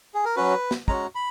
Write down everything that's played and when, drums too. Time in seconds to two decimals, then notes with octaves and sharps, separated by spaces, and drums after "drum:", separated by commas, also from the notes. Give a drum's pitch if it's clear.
0.14 G#4
0.25 A#4
0.36 F#3 C#4 F#4 B4
0.71 drum: snare
0.88 G#3 C#4 F#4 A#5, drum: kick
1.15 B5